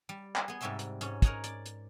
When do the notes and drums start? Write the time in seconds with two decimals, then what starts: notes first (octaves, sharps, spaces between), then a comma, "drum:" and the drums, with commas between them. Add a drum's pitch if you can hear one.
0.09 G3
0.36 drum: clap
0.48 B3 G#4
0.61 G#2 C3 G3 F#4 E5 C6
0.79 drum: hi-hat
1.01 G#2 C#4, drum: hi-hat
1.22 A#4 C#5 D#5 F#5 A#5, drum: kick, hi-hat
1.44 D5, drum: hi-hat
1.66 drum: hi-hat